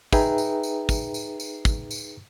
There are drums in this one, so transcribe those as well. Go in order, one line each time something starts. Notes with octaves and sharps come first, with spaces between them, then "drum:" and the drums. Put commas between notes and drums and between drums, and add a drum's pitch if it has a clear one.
D#4 G#4 B4 E5 G5 A#5, drum: kick, tambourine
drum: tambourine
drum: tambourine
drum: kick, tambourine
drum: tambourine
drum: tambourine
drum: kick, tambourine
drum: tambourine